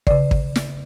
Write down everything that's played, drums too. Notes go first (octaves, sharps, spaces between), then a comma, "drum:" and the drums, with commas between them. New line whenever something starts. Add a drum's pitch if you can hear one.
C#3 D5, drum: kick
drum: kick
drum: snare